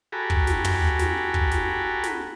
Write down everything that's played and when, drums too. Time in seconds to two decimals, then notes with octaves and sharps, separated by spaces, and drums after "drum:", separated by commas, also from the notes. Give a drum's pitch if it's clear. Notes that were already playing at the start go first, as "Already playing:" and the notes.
0.12 F#4 G4 A4 G#5 A#5 B5
0.30 drum: kick
0.47 drum: snare
0.64 drum: tom
0.99 drum: snare
1.34 drum: kick
1.51 drum: snare
2.04 drum: snare